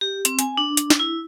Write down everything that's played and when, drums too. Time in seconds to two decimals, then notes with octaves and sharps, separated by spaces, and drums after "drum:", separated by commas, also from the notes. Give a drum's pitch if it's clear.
0.01 G4
0.25 C4, drum: hi-hat
0.39 G#5, drum: hi-hat
0.57 D4
0.77 drum: hi-hat
0.90 drum: snare
1.00 E4